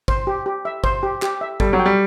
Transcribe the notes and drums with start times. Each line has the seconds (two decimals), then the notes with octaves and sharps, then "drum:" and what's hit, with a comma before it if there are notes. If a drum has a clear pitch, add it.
0.08 C5, drum: kick
0.27 G4
0.46 G4
0.65 E5
0.84 C5, drum: kick
1.03 G4
1.22 G4, drum: clap
1.41 E5
1.60 G3 A4, drum: kick
1.73 F#3
1.79 G5
1.85 G3